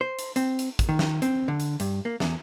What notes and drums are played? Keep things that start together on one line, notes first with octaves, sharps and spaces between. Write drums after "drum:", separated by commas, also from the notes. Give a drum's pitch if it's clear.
C5
drum: hi-hat
C4, drum: hi-hat
drum: hi-hat
drum: kick, hi-hat
D#3
drum: snare
C4, drum: hi-hat
D3
drum: hi-hat
G2, drum: hi-hat
A#3
E2, drum: snare